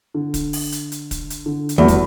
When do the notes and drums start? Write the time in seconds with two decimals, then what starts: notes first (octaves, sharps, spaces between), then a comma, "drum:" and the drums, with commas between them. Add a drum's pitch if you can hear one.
0.14 D3
0.34 drum: kick, hi-hat
0.53 drum: open hi-hat
0.72 drum: hi-hat
0.92 drum: hi-hat
1.11 drum: kick, hi-hat
1.30 drum: hi-hat
1.46 D3
1.69 drum: hi-hat
1.78 E2 G3 A3 F#4
1.88 drum: kick, hi-hat